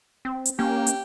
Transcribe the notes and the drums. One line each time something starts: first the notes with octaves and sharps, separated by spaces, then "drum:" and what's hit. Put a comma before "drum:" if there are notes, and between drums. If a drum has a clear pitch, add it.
C4
drum: hi-hat
A#3 C#4 G4
drum: hi-hat